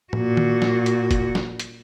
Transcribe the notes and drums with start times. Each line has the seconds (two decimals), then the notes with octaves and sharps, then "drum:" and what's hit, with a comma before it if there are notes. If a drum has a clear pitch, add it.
0.13 A#2 F#4, drum: tom A2
0.37 drum: tom D#3
0.62 drum: snare
0.86 drum: hi-hat
1.11 drum: kick, hi-hat
1.35 drum: snare
1.60 drum: hi-hat